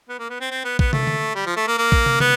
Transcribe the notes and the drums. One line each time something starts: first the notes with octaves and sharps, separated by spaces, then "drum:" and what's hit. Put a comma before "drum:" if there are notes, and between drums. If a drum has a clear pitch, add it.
B3
A#3
B3
C4
C4
B3
B3, drum: kick A#1
A3, drum: tom
drum: tom D3
G3
F3
A3
A#3
A#3
drum: kick A#1
drum: tom
B3, drum: tom